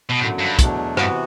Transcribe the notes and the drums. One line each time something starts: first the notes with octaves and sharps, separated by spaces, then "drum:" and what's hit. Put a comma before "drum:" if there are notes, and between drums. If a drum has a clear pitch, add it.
B2
F#2 A2 D3 F#3
G2
E2 B2 F#3 A3 D4, drum: kick, hi-hat
G2 C3 E3 B3 F#4, drum: rim click